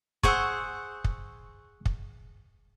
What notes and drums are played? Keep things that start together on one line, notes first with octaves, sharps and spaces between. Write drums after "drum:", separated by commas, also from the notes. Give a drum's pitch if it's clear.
G#4 C5 F#5 C#6 E6, drum: kick
drum: kick
drum: kick